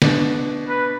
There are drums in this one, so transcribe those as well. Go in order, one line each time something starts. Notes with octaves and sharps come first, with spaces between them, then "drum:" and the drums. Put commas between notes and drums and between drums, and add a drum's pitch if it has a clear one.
B2 D4, drum: snare
B4